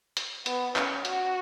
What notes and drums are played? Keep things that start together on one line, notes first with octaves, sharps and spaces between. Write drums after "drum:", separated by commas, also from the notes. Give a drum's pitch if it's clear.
drum: hi-hat
B3, drum: hi-hat
C#4, drum: clap
F#4, drum: hi-hat